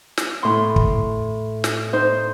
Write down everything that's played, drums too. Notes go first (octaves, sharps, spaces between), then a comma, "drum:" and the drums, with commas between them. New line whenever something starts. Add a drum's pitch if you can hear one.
drum: snare
A2 C6
drum: kick
drum: snare
D#4 C5